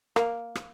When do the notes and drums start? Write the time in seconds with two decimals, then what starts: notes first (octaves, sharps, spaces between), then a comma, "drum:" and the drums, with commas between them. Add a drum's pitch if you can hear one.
0.16 A#3, drum: rim click
0.55 drum: rim click